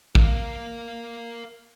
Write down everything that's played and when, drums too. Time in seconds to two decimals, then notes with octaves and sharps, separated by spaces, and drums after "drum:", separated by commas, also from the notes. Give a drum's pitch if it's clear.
0.15 A#4 F5, drum: kick